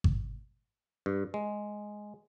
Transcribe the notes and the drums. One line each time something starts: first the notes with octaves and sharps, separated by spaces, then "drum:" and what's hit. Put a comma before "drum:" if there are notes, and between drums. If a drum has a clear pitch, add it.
drum: kick G#1
G2
G#3